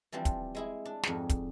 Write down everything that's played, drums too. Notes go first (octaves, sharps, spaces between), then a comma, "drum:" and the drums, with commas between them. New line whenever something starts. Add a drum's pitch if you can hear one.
E3 F3 G3 C4 D4
drum: kick, hi-hat
G#3 E4 G#4
D4
F2 G#2 F#4 G#4, drum: snare
drum: kick, hi-hat